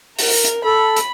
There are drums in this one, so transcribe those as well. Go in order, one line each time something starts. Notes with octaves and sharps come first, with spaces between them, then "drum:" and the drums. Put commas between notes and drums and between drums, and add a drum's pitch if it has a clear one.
A#4, drum: open hi-hat
drum: hi-hat
A4 B5
drum: hi-hat